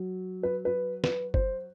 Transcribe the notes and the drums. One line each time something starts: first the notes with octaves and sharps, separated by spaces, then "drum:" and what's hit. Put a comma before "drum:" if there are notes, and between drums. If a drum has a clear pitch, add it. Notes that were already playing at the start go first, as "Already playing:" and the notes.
Already playing: F#3
B4
B4
B4, drum: snare
C5, drum: kick